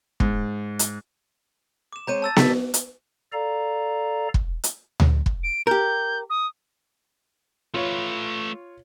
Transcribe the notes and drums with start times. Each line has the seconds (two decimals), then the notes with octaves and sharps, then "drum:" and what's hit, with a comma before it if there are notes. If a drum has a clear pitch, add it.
0.20 G#2, drum: kick
0.79 drum: hi-hat
1.93 D6 E7
2.07 G#3 C4 C#5 A#5 G6 D#7
2.22 A5 E6 A6
2.36 D#4 E4 B6, drum: snare B3
2.74 drum: hi-hat
3.33 A4 D5 F5 A#5
4.34 drum: kick
4.64 drum: hi-hat
5.00 drum: tom D2
5.26 drum: kick
5.44 D7
5.67 G4 A#4 G6
6.30 D#6
7.74 A3 F4 B4 C#5